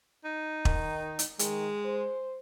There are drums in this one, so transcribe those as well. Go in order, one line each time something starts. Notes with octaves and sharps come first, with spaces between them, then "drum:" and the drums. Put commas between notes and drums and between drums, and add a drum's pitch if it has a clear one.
D#4
D#3, drum: kick E1
drum: hi-hat
D#3 G#3, drum: hi-hat
C5